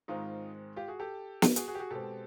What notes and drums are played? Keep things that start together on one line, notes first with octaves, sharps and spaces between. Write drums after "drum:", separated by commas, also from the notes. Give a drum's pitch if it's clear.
G#2 D#3 G#3 C4 D#4 F4
F4 G4
F#4 G#4
G4 A4
drum: snare
F#4 G#4, drum: hi-hat
F#4 G#4
G4
F#4 G#4
B2 G#3 C4 G4 A4